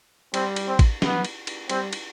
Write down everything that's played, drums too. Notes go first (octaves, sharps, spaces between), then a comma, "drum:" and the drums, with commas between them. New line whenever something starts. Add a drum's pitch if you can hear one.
G3 C4, drum: cymbal
drum: cymbal
C4
drum: kick A1, cymbal
B3, drum: snare
drum: cymbal
drum: cymbal
G3 C4, drum: cymbal
drum: cymbal